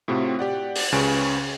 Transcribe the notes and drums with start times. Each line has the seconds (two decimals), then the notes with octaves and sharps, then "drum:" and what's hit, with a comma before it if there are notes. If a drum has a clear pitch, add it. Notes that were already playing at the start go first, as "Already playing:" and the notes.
0.08 A2 C3 C4 F4 F#4
0.39 G4 D5 F#5
0.76 drum: open hi-hat
0.92 C#2 C#3 B4 G#5 C#6 D7